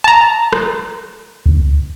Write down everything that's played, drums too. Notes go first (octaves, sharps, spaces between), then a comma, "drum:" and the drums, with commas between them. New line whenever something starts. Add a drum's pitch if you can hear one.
A5 A#5
drum: rim click
drum: kick C#2